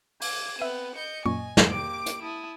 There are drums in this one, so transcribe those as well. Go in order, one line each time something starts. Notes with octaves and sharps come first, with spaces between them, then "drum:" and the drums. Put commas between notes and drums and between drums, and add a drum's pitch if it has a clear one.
D6 G#6, drum: open hi-hat
B3 C4 B4 E5 D#7
D#5 G6 C#7
F#2 A#2 G#5 C#6
drum: snare
A#3 G4 D6 D7
drum: hi-hat
E4 A5 D#6